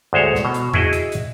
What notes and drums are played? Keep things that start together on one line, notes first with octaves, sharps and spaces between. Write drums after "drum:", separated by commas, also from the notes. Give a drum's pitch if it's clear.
D2 G#3 C5 C#5
drum: snare
B2
drum: hi-hat
E4 F#4 G#4 D#5, drum: tom E2
drum: hi-hat
drum: hi-hat